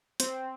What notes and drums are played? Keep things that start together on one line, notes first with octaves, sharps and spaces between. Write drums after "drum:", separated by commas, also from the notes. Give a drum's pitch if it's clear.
C4, drum: hi-hat